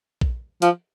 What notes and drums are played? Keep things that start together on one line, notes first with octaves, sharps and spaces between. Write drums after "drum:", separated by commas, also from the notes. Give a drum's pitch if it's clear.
drum: kick A#1
F3, drum: hi-hat